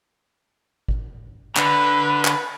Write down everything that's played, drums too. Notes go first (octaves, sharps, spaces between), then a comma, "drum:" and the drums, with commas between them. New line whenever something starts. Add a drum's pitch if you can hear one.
drum: kick
D3 B4, drum: clap
drum: clap